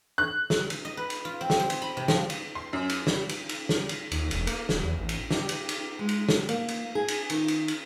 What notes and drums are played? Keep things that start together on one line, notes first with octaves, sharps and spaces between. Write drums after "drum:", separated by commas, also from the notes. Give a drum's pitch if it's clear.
F#6
drum: snare
drum: cymbal
D#5
B4
drum: cymbal
F4
C4
drum: snare
C5
drum: cymbal
B5
C3
F3, drum: snare
drum: cymbal
C6
F#2
drum: cymbal
G3, drum: snare
drum: cymbal
drum: cymbal
drum: snare
drum: cymbal
D#2, drum: cymbal
E1, drum: cymbal
A#3, drum: cymbal
D#1, drum: snare
E2
A1
drum: cymbal
G4, drum: snare
drum: cymbal
drum: cymbal
G#3
drum: cymbal
drum: snare
A#3, drum: cymbal
drum: cymbal
G#4
drum: cymbal
D#3, drum: cymbal
drum: cymbal
drum: cymbal